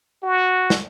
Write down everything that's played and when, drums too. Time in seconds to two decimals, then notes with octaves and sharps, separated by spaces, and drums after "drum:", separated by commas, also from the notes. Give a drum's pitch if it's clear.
0.23 F#4
0.70 drum: snare